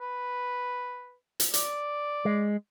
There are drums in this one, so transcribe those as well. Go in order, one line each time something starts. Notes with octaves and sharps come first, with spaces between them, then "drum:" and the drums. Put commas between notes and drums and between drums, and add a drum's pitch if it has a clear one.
B4
drum: hi-hat
D5, drum: hi-hat
G#3